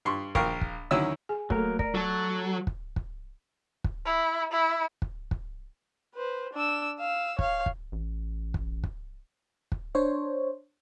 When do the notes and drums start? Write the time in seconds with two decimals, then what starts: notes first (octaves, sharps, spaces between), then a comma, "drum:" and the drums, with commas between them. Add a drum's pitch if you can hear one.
0.05 G2 C6 C#6
0.35 A#1 A#4 F5 G5 C#6, drum: kick
0.61 drum: kick
0.91 D2 D#3 F#3 C#4 E4 E6
1.29 G#4 G#5
1.50 F#3 A3 A#3 A4 A#4, drum: kick
1.79 A#4 D5, drum: kick
1.95 F#3 A4 A5
2.67 drum: kick
2.96 drum: kick
3.84 drum: kick
4.05 E4
4.52 E4
5.02 drum: kick
5.31 drum: kick
6.15 B4 C5
6.53 D4 E6
6.99 F5 E6
7.39 C#5 F5, drum: kick
7.66 drum: kick
7.92 A1
8.54 drum: kick
8.84 drum: kick
9.72 drum: kick
9.95 D4 C5 C#5